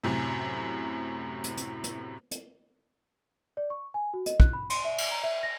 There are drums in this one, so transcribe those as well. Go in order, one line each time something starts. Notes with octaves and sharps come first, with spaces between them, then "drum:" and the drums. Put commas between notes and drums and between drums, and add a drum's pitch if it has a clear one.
F#2 A2 C3
drum: hi-hat
drum: hi-hat
drum: hi-hat
drum: hi-hat
D5
C#6
G#5
F#4
D#5, drum: hi-hat
F#6, drum: kick
B5
C6, drum: cymbal
E5
drum: cymbal
A#5
E5
A#6